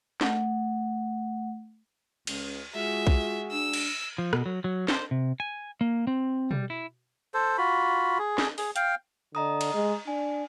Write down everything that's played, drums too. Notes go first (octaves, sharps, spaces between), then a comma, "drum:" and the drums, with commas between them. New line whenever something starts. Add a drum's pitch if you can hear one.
A3 F#5, drum: snare
C#2 C#4, drum: cymbal
G#3 F4 F#4 G#4 E5
drum: kick
D4 E6
drum: cymbal
F3
B2, drum: rim click
F#3
F#3
C5, drum: snare
C3
G#5
A#3
C4
G3, drum: tom B2
E4
A4 C5
F4 F#4 B5
G#4
drum: snare
G#4, drum: open hi-hat
F5 G5, drum: hi-hat
D3 D#5 A#5 D#6
drum: cymbal
G#3
D4 G#5